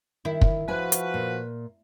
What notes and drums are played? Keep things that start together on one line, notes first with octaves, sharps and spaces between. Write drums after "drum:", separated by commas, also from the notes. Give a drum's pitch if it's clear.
D#3 E4
drum: kick
F3 F#4 B4 G#5
drum: hi-hat
A#2